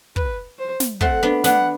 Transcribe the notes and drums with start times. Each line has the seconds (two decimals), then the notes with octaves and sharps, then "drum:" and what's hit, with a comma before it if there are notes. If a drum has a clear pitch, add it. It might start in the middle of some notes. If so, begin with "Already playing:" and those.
0.16 B4, drum: kick
0.59 C5
0.80 drum: snare
1.01 A3 C4 F#5, drum: kick
1.23 B3 D4
1.44 B3 D4 F#5, drum: snare